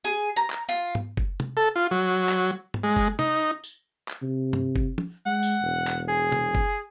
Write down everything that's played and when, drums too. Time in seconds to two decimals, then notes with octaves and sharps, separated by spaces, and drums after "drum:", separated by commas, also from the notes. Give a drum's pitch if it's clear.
0.04 G#4
0.36 A#5
0.50 drum: clap
0.69 F4
0.95 drum: tom
1.17 drum: kick F#1
1.40 drum: tom
1.57 A4
1.76 F4
1.91 F#3
2.29 drum: clap
2.74 drum: tom
2.83 G#3
2.96 drum: kick F#1
3.19 D#4, drum: tom
3.64 drum: tambourine
4.08 drum: clap
4.23 C3
4.53 drum: tom
4.76 drum: kick F#1
4.98 drum: tom
5.26 G#3 F#5
5.43 drum: tambourine
5.63 E1
5.88 drum: clap
6.08 G#4
6.32 drum: tom
6.55 drum: kick F#1